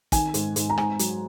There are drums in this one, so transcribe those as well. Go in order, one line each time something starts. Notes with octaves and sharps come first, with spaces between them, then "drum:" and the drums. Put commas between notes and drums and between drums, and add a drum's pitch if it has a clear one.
D#3 G#5, drum: kick, hi-hat
G#2, drum: hi-hat
G#2, drum: hi-hat
A#5
G#2 G#5, drum: rim click
F#3, drum: hi-hat